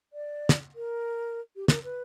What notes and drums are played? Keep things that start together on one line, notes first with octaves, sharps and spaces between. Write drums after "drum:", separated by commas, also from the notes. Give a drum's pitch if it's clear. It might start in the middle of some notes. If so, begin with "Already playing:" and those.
D5
drum: snare
A#4
G4
A#4, drum: snare
B4